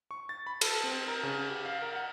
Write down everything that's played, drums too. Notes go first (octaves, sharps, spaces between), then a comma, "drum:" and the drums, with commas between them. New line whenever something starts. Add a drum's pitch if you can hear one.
C#6
A6
B5
A4, drum: cymbal
C4
A#4
C#3
G4
F5
A#4
F#5